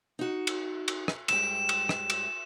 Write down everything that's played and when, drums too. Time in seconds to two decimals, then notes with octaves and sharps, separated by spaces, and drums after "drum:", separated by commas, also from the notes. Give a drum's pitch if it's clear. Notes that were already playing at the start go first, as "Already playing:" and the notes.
0.19 D#4 F#4
0.47 drum: cymbal
0.88 drum: cymbal
1.08 drum: rim click
1.28 G#2 G3 G5 E7, drum: cymbal
1.69 drum: cymbal
1.89 drum: rim click
2.10 drum: cymbal